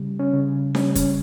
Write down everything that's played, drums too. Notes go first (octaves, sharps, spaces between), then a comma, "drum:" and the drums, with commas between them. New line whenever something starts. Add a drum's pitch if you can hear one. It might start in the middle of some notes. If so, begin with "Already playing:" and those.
Already playing: C#3 G3
C#4
C#3
G3 C#4, drum: snare D4
C#4, drum: kick, hi-hat